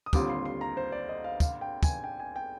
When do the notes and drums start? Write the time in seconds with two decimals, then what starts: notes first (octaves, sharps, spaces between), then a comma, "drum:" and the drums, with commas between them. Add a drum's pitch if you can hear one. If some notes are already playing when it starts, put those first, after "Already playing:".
0.06 D#6
0.13 D#2 D3 G3 C4 F4 D6, drum: kick, tambourine
0.29 C6
0.45 C6
0.61 A#5
0.77 C5
0.92 D5
1.09 D#5
1.24 F5
1.40 F5, drum: kick, tambourine
1.61 G5
1.83 G#5, drum: kick, tambourine
2.04 G5
2.20 G#5
2.36 G5